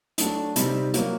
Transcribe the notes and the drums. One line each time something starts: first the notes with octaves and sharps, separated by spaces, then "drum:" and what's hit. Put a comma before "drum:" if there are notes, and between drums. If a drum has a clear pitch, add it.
F#3 A3 D4 F#4, drum: hi-hat
C3 G3 C4 D#4, drum: hi-hat
F#3 A#3 F#4, drum: hi-hat